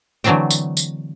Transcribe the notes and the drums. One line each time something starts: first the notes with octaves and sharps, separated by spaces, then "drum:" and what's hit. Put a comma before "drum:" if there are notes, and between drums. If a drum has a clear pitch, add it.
D3 E3 F#3 A3 C4 G5
drum: tambourine
drum: tambourine